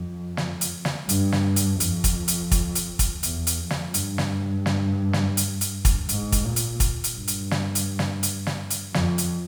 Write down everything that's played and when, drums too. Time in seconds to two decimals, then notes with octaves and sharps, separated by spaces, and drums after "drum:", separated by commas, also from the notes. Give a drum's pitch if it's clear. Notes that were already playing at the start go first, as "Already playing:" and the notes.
Already playing: F2
0.37 drum: snare
0.61 drum: hi-hat
0.85 drum: snare
1.09 G2, drum: hi-hat
1.32 drum: snare
1.56 drum: hi-hat
1.80 F2, drum: hi-hat
2.04 drum: kick, hi-hat
2.28 drum: hi-hat
2.51 drum: kick, hi-hat
2.75 drum: hi-hat
2.99 drum: kick, hi-hat
3.23 E2, drum: hi-hat
3.47 drum: hi-hat
3.59 F2
3.70 drum: snare
3.94 G2, drum: hi-hat
4.18 drum: snare
4.66 drum: snare
5.13 drum: snare
5.37 drum: hi-hat
5.61 drum: hi-hat
5.85 drum: kick, hi-hat
6.09 G#2, drum: hi-hat
6.32 drum: kick, hi-hat
6.44 A#2
6.56 drum: hi-hat
6.80 drum: kick, hi-hat
7.04 drum: hi-hat
7.15 G2
7.28 drum: hi-hat
7.51 drum: snare
7.75 drum: hi-hat
7.99 drum: snare
8.23 drum: hi-hat
8.47 drum: snare
8.70 drum: hi-hat
8.94 F2, drum: snare
9.18 drum: hi-hat